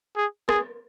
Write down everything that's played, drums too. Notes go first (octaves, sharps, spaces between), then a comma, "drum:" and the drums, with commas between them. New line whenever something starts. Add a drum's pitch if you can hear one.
G#4
G#4, drum: rim click